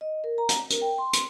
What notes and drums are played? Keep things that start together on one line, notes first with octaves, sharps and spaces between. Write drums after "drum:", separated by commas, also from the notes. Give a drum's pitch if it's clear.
D#5
A#4
A#5
drum: hi-hat
A#4, drum: hi-hat
G5
C6
drum: hi-hat